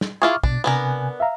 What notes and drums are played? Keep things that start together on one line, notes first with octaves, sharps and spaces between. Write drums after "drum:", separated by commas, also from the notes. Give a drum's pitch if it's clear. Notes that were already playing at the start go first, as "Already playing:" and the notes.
drum: snare
E4 F4 G#4 C#6 D6 F6
B2 D4, drum: kick
C3 B3 D4 A#4 G#5
E5 F5 A#5